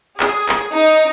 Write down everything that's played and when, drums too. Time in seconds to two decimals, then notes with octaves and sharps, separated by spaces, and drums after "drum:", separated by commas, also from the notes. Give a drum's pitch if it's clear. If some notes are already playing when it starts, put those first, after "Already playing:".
0.20 G#4, drum: clap
0.49 drum: clap
0.74 D#4